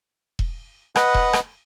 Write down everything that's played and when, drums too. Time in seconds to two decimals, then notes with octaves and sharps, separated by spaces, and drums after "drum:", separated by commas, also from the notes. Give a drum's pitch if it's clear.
0.39 drum: kick E1
0.96 B4 D#5 F#5, drum: rim click
1.14 drum: kick E1
1.33 drum: rim click